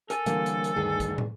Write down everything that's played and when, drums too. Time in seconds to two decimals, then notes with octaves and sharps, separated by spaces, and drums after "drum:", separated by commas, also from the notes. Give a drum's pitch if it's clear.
0.10 A4 A#4 G#5, drum: hi-hat
0.26 D3 E3 G3 A#3, drum: hi-hat
0.46 drum: hi-hat
0.64 drum: hi-hat
0.76 D2 G2 D#3 G#4
1.00 drum: kick, hi-hat
1.18 drum: tom